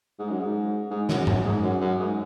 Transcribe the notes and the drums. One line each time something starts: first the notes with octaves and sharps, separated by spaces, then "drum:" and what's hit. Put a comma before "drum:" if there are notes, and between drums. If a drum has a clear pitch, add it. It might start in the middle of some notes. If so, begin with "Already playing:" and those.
G#2
F#2
G#2
G#2
F#2, drum: snare
F#2, drum: tom G2
G#2
F#2
F#2
G#2